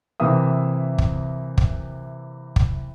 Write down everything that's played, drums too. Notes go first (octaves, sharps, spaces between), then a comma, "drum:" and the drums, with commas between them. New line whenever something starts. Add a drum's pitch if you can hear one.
C3 E3 A#3 E5 D#6
drum: kick
drum: kick
drum: kick